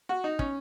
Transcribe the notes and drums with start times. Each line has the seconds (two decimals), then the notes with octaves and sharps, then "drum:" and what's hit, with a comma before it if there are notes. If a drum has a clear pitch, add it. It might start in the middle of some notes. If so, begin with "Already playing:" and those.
0.09 F#4
0.24 D#4
0.39 C#4, drum: kick